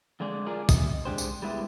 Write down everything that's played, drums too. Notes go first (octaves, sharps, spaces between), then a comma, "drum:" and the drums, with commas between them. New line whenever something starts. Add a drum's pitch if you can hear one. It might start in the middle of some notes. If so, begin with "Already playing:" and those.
F2 D3 G#3 D5
F4 G#4 A#4 D5
C3 D#5, drum: kick, tambourine
G#3 D4 G4 C5
drum: tambourine
G3 G#3 B3 E4 G4